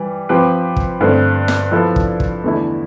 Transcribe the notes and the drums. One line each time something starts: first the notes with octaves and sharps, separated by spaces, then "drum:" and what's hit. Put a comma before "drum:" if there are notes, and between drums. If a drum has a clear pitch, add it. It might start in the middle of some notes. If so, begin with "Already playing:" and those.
Already playing: E3 G3 G4
F3 C4 G4 B4
drum: kick
G2 D3 A3 C4
drum: snare
F3 B3 E4 A4
drum: kick
drum: kick
E2 D3 A3 E4